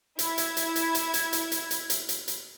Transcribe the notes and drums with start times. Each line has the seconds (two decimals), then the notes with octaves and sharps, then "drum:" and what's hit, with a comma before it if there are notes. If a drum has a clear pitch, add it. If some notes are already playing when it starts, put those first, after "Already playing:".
0.19 E4 G#6, drum: hi-hat
0.38 drum: hi-hat
0.57 drum: hi-hat
0.76 drum: hi-hat
0.95 drum: hi-hat
1.14 drum: hi-hat
1.33 drum: hi-hat
1.52 drum: hi-hat
1.71 drum: hi-hat
1.90 drum: hi-hat
2.09 drum: hi-hat
2.28 drum: hi-hat